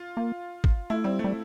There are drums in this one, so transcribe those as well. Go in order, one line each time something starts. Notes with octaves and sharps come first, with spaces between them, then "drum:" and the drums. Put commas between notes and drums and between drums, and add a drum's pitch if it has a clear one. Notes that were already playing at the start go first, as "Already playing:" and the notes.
Already playing: F4
A#3
drum: kick
A3 E4
G3 C4
A3
G3